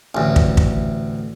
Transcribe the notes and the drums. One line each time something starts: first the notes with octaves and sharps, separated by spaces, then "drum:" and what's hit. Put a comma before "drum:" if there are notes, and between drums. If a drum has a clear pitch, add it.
A1 D2
drum: kick
drum: kick